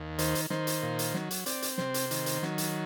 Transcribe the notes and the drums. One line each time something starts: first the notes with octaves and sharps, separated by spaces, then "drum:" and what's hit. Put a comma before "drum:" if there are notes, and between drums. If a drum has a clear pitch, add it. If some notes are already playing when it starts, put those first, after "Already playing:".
Already playing: D#2
D#3 C5, drum: hi-hat
drum: hi-hat
D#3 C5, drum: snare
drum: hi-hat
A#2
drum: hi-hat
F#3, drum: snare
drum: hi-hat
C4 D5, drum: hi-hat
drum: hi-hat
C3 C5, drum: snare
drum: hi-hat
D#3, drum: hi-hat
drum: hi-hat
F#3, drum: snare
drum: hi-hat